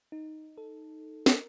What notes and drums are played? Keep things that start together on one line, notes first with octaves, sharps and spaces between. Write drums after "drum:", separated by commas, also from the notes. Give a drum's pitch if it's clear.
D#4
A4
A#4, drum: snare